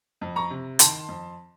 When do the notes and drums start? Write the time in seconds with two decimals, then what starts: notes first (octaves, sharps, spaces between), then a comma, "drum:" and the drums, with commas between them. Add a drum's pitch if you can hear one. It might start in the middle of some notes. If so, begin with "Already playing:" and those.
0.21 F2
0.36 A#5 C#6
0.50 C3
0.79 D#3 A5 C6, drum: hi-hat
1.09 F2